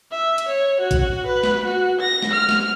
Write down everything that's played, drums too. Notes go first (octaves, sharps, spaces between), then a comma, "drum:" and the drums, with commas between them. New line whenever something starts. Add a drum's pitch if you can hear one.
E5
drum: hi-hat
C#5
F#4
drum: kick, hi-hat
B4
drum: snare
F#4
A#6
drum: snare
F6
drum: snare